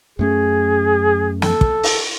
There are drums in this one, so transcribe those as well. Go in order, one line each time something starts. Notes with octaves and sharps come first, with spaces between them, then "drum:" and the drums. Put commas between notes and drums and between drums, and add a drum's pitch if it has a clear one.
F#2 A3 C#4 G#4
A4, drum: snare
drum: kick
drum: open hi-hat